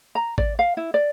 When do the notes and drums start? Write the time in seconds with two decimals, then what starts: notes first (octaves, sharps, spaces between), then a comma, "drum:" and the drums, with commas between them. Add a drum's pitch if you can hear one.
0.15 A#5
0.38 D5, drum: kick G#1
0.59 F5
0.77 E4
0.94 D5